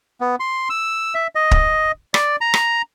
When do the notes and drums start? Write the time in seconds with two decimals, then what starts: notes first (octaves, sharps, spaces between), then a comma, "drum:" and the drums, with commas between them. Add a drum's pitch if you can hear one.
0.21 B3
0.40 C6
0.70 E6
1.15 E5
1.35 D#5
1.51 drum: kick
2.14 D5, drum: rim click
2.41 A#5
2.54 drum: rim click